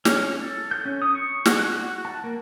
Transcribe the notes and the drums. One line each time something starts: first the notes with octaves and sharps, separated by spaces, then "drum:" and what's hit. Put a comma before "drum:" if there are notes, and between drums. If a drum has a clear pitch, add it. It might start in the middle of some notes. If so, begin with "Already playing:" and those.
C#4, drum: snare
A4
G6
C#4
D#6
C#6
F#4, drum: snare
F#6
F#4
A5
A#3